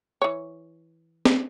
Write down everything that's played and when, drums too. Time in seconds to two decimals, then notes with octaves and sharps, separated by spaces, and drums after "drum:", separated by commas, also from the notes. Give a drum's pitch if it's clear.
0.22 E3 C#5
1.25 drum: snare